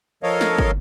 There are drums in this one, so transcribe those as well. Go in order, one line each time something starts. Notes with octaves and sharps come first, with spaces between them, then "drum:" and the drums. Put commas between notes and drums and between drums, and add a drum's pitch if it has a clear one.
F3 A4 A#4 C#5 D#5 F5
drum: snare
drum: kick